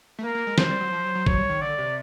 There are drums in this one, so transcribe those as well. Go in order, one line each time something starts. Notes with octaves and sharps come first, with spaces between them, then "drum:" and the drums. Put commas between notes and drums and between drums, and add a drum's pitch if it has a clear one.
A3
A#3 A#4
A#3
G#3
G#3 C5, drum: snare
G3
F#3
F3
F#3
F#3
F#3 C#5, drum: kick
G3
D#3
D3 D5
C3